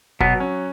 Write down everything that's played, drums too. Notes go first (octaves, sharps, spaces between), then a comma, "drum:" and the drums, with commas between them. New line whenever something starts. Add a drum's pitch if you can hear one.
B2 F#3 B3, drum: kick
C#4